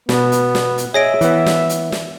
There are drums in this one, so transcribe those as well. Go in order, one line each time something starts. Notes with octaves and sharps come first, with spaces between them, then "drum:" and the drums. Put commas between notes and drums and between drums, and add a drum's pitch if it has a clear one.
B2 B3, drum: snare
drum: hi-hat
drum: snare
drum: hi-hat
G#4 C#5 D#5 E5 A#6 D7
E3 B3, drum: hi-hat
drum: snare
drum: hi-hat
drum: snare